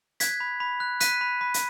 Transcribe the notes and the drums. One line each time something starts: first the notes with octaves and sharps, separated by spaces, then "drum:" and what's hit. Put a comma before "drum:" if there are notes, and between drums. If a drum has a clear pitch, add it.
F#6 G#6 B6, drum: hi-hat
B5
B5
F#6
F#6 B6 D#7, drum: hi-hat
B5
B5
drum: hi-hat